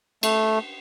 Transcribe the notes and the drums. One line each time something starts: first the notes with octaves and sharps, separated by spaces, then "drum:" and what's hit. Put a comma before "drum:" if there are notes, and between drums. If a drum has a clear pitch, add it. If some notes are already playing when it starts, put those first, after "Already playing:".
A3, drum: cymbal